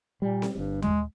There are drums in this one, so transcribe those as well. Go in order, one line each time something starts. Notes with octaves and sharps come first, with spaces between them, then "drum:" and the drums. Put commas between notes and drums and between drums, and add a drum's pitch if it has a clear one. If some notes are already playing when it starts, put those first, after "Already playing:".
A#2 G3
drum: snare C4
G1 G2 G3
G#3, drum: tom D#2